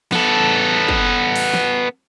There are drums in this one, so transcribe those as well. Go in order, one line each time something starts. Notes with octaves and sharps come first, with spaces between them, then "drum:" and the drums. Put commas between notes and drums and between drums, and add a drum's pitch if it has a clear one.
B3 A4, drum: snare
drum: kick
drum: open hi-hat
drum: snare